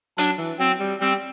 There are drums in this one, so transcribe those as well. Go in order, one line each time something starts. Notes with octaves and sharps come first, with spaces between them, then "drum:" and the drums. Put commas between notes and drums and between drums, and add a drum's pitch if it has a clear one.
F#3 D4, drum: hi-hat
E3
F#3 C4
G3
G3 C4